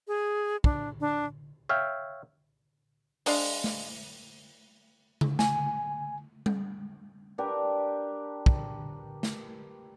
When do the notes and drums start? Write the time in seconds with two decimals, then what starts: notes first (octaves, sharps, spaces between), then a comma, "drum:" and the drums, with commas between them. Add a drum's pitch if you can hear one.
0.08 G#4
0.64 D4, drum: kick
1.01 D4
1.69 C#5 E5 F5 G5
3.26 G#3 D4 F5, drum: open hi-hat
3.64 drum: snare
5.21 drum: tom C#3
5.39 G#5, drum: snare
6.46 drum: tom G3
7.38 D4 G4 A#4 B4
8.46 drum: kick
9.23 drum: snare